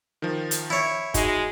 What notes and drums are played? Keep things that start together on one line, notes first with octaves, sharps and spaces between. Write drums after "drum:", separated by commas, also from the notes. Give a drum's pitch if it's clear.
D#3 F3
drum: hi-hat
E4 C#5
G#3 D#4 F#4, drum: kick F#1, hi-hat